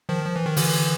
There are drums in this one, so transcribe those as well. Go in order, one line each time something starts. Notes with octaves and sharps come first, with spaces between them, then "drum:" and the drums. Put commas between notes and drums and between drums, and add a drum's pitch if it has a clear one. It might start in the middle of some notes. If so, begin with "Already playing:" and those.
D#3 F3
F3
E3
D#3
D3 E3, drum: open hi-hat